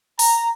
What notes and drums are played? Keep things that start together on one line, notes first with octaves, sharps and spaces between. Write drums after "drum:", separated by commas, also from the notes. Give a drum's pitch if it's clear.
A#5, drum: open hi-hat